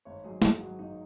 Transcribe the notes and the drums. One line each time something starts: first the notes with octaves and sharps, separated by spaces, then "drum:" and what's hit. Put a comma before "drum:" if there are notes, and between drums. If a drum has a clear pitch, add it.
G#1 C#5
G#2 F#3 G#4
G#1 G#4, drum: snare
G#2 F#3 F#4
G#1 D#4